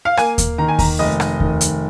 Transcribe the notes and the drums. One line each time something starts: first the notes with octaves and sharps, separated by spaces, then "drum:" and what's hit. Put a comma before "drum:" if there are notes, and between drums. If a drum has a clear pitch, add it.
F5
A#3 G#5, drum: rim click
drum: kick D#2, hi-hat
D#3 A#5
G#5
A#5, drum: kick D#2, open hi-hat
F1 D#5
drum: rim click
D#3, drum: kick D#2
drum: hi-hat